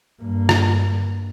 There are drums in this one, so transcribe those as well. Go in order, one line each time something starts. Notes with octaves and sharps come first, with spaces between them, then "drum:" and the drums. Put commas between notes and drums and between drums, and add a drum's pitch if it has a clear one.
G2 A#3
drum: rim click